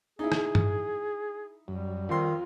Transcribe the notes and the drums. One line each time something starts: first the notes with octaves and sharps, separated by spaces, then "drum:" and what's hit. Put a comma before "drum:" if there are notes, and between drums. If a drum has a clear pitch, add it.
D#4 E4 G#4
drum: rim click
drum: tom
F#2 G3
F2 D#3 F4 C6